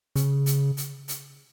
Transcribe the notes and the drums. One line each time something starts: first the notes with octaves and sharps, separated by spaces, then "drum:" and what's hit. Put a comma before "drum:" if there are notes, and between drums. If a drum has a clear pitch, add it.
C#3, drum: hi-hat
drum: hi-hat
drum: hi-hat
drum: hi-hat